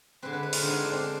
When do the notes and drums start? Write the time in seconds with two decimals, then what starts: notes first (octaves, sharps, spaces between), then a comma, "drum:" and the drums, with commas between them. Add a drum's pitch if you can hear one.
0.22 D3 G#3 C4 B4
0.33 B4
0.43 B4
0.53 F4, drum: open hi-hat
0.62 D3 G#3 C4 D#4
0.73 F4
0.84 D4
0.93 C4
1.04 C4